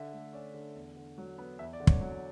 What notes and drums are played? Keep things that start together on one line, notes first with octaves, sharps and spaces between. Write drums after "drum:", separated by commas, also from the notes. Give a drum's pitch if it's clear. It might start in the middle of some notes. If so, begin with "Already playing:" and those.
Already playing: D3 E5
A3
C#4 D5
D3
E2
D3
F#3
B3
E2 E5
D5
D3
C#5, drum: kick
F#3